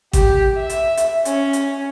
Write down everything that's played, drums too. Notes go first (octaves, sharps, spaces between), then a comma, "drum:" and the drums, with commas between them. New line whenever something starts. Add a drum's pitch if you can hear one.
G4, drum: kick A1, hi-hat
E5
drum: hi-hat
drum: hi-hat
C#4, drum: hi-hat
drum: hi-hat